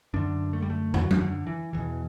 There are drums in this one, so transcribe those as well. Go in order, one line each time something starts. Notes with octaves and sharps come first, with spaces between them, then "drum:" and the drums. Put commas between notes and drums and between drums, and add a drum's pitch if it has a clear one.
F#2 D3 D4
A3
G3
A3
F#3, drum: tom
drum: tom F#3
D3
E3
E2 B2 E3